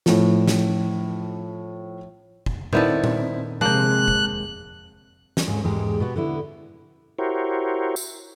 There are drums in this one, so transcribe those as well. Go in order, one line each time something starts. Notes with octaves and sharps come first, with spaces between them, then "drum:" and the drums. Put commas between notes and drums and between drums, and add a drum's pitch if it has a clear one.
A2 F3, drum: snare
drum: snare
drum: kick
D#3 B3 C4 E4 A4 D5, drum: tom A#2
drum: tom A#2
C3 G#3 A#3 C4 A5 F#6 G6, drum: tom F3
drum: kick
drum: snare
D#2 G#2 C#4
E2 G#2 G#3 G4
B2 B3
D3 B3 E4
E4 F#4 G4 A#4 C5 C#5
drum: tambourine